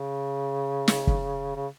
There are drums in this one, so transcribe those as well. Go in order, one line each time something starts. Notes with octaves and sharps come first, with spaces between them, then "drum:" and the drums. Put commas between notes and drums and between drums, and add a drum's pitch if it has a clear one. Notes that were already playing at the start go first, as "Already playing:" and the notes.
Already playing: C#3
drum: snare
drum: kick
C#3